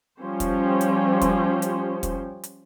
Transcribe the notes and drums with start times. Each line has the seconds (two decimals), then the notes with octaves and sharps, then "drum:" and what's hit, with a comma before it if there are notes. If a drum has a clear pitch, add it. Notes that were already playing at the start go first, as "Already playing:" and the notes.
0.20 F3 G3 C#4 G4 C5
0.40 drum: kick, hi-hat
0.81 drum: hi-hat
1.21 drum: kick, hi-hat
1.62 drum: hi-hat
2.03 drum: kick, hi-hat
2.44 drum: hi-hat